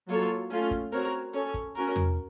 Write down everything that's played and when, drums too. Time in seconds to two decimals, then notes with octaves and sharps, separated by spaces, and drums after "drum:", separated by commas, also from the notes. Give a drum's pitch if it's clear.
0.09 F#3 A#3 F4 A4 C#5, drum: hi-hat
0.50 A3 C#4 F4 A4, drum: hi-hat
0.71 drum: kick, hi-hat
0.92 C4 F#4 A#4 C#5, drum: hi-hat
1.33 C#4 A4 C#5, drum: hi-hat
1.54 drum: kick, hi-hat
1.75 C#4 F#4 A#4, drum: hi-hat
1.96 drum: tom E2